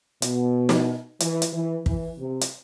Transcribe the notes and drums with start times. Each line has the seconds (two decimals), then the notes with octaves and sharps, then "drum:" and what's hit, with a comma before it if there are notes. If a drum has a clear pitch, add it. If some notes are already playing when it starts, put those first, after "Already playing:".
0.22 B2, drum: hi-hat
0.69 drum: snare
1.20 E3, drum: hi-hat
1.42 drum: hi-hat
1.53 E3
1.86 E3, drum: kick
2.19 C3
2.41 drum: hi-hat